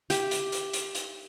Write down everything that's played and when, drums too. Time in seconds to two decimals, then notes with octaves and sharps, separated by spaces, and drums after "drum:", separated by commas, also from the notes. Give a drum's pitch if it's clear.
0.10 G4, drum: hi-hat
0.31 drum: hi-hat
0.52 drum: hi-hat
0.73 drum: hi-hat
0.95 drum: hi-hat